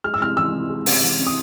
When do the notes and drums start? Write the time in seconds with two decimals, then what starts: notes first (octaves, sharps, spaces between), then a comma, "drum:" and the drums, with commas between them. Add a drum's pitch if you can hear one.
0.04 G#3 F6
0.14 E6
0.21 C3 F6
0.37 E3 E6
0.54 C3
0.70 G#3
0.86 C3, drum: open hi-hat
1.03 E3
1.19 C3
1.27 D#6